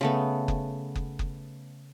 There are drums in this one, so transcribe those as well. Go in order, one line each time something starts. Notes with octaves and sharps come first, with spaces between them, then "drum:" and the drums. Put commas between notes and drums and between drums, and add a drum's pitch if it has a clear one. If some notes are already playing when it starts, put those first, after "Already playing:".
C#3 A3 B3
drum: kick F#1
drum: kick F#1
drum: kick F#1